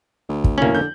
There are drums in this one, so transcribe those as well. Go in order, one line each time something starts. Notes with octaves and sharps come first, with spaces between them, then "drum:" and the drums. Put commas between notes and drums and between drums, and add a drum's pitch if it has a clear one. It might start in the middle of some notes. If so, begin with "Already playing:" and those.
D2
drum: kick
F1 A#3 C#4 E4 F#7
D3 G6